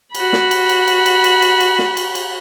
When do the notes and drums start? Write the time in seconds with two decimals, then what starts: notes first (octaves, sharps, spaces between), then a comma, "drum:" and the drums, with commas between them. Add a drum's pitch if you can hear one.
0.15 F#4 B5, drum: cymbal
0.33 drum: snare
0.51 drum: cymbal
0.69 drum: cymbal
0.87 drum: cymbal
1.06 drum: cymbal
1.24 drum: cymbal
1.42 drum: cymbal
1.60 drum: cymbal
1.79 drum: snare
1.97 drum: cymbal
2.15 drum: cymbal